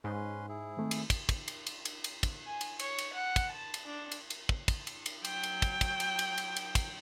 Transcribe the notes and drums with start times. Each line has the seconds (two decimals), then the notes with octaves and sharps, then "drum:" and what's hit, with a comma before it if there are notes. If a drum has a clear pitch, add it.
0.04 G#2 C#4 B4 C6
0.49 E4 G#4
0.77 D#3 A3 C4
0.91 drum: cymbal
1.10 drum: kick, cymbal
1.29 drum: kick, cymbal
1.48 drum: cymbal
1.67 drum: cymbal
1.85 drum: cymbal
2.04 drum: cymbal
2.23 drum: kick, cymbal
2.45 G#5
2.61 drum: cymbal
2.79 C#5, drum: cymbal
2.98 drum: cymbal
3.13 F#5
3.36 drum: kick, cymbal
3.51 A5
3.74 drum: cymbal
3.86 D4
4.11 drum: cymbal
4.30 drum: cymbal
4.49 drum: kick
4.68 drum: kick, cymbal
4.87 drum: cymbal
5.06 drum: cymbal
5.25 F#3 G5, drum: cymbal
5.43 drum: cymbal
5.62 drum: kick, cymbal
5.81 drum: kick, cymbal
6.00 drum: cymbal
6.19 drum: cymbal
6.38 drum: cymbal
6.56 drum: cymbal
6.75 drum: kick, cymbal